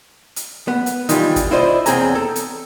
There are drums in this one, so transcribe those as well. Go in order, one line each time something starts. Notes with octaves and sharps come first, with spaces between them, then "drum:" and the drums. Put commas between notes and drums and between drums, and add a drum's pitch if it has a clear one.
drum: hi-hat
B3
drum: hi-hat
D#3 E3 G3 F4, drum: hi-hat
drum: kick, hi-hat
E4 F4 C5 D5 D#5
E2 G#2 C4 G#4 G#5 A#5, drum: hi-hat
A4
drum: hi-hat